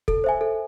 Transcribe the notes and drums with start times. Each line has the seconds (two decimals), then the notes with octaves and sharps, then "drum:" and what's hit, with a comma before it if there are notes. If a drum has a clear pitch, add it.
0.08 A4, drum: kick
0.24 C5 E5 G#5
0.41 A4